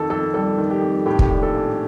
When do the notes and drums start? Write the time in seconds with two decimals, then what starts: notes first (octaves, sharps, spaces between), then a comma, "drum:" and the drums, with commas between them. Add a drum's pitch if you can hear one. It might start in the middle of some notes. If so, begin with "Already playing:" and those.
Already playing: F2 D#3 A4
0.10 F2 A4
0.34 G3 A4
0.58 D#3
0.70 G4
0.82 F2
1.06 A2 G4
1.19 drum: kick
1.30 A#1
1.43 A4
1.55 A#1